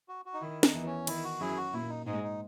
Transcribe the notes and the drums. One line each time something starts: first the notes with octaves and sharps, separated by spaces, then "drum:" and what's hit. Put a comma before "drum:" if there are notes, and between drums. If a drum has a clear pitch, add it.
F#4
F#4
D#4
D#3 E4
D#4, drum: snare
E2 E3
C#4
D#3 E4, drum: cymbal
F#4
F#2 F#3 E4 G#4
F#4
A#2 A#3 E4
D#4
G#2 G#3 D#4
D#4